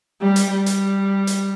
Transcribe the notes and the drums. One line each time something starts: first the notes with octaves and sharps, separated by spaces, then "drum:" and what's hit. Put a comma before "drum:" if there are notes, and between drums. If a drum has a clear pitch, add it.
G3
drum: hi-hat
G3
drum: hi-hat
drum: hi-hat